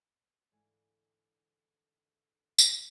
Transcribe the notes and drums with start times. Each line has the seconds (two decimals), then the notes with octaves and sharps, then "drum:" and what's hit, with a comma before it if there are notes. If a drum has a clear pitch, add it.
0.52 G#2 D3 E3 A3 F5 G#5
2.58 drum: tambourine